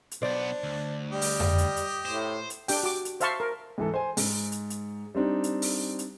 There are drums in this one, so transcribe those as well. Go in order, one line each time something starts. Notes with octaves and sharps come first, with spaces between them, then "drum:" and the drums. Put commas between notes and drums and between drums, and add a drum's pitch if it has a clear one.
drum: hi-hat
B1 B3 D4 C5 D5
D2
G3 G4 D#5
drum: open hi-hat
drum: tom F2
drum: hi-hat
drum: hi-hat
A2 C5
drum: hi-hat
D4 G4 G5, drum: open hi-hat
F#4 D6
drum: hi-hat
C5 E5 F5 A5 C6 C#6, drum: hi-hat
A#4
G#2 E3 A4
C5 G#5
G#2, drum: open hi-hat
drum: hi-hat
drum: hi-hat
G3 C4 D4 D#4
drum: hi-hat
drum: open hi-hat
drum: hi-hat